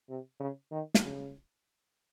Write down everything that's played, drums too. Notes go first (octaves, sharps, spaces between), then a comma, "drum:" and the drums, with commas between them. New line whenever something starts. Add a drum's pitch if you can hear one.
C3
C#3
D#3
drum: snare
C#3